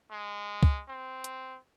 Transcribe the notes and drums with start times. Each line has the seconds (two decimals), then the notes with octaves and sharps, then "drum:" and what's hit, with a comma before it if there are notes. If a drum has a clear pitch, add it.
0.11 G#3
0.63 drum: kick C#2
0.88 C4
1.24 drum: hi-hat